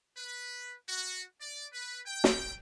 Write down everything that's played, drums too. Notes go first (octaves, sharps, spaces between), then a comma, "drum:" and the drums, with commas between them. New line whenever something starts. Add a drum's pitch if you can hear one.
B4
F#4
D5
B4
G5
drum: snare